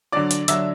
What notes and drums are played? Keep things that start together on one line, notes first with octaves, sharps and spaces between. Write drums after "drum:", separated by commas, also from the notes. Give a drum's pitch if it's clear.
D3 F#3 D4 D5 D6
drum: hi-hat
D3 F#3 D4 E5 E6, drum: hi-hat